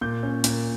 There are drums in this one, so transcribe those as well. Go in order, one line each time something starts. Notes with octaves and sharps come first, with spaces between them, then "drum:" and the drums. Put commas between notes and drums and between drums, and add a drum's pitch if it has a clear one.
A#2 G6
C#4
A#2, drum: hi-hat